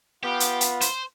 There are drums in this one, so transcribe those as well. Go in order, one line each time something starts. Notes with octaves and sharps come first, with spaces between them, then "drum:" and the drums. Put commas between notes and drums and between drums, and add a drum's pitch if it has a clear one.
B3 F4 G4
drum: hi-hat
drum: hi-hat
C5, drum: hi-hat